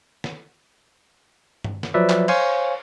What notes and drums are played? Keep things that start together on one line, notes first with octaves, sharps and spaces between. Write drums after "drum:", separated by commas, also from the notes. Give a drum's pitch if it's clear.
drum: snare
drum: tom G2
drum: snare
F3 F#3 B4 D5 E5
drum: clap
C5 C#5 F5 G#5 C#6, drum: cymbal